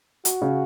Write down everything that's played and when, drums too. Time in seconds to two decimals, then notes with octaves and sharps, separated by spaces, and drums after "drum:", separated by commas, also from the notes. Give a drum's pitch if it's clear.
0.25 F#4, drum: hi-hat
0.42 C#3